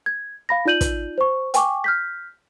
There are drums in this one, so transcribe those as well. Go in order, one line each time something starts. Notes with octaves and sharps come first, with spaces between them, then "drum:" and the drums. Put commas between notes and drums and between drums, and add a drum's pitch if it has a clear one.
G#6
F5 B5 A#6
D#4 F4 D5 G6 D#7 F#7
drum: kick, hi-hat
C5 C#6
G5 G#5 C#6 D6, drum: hi-hat
F6 G6 B6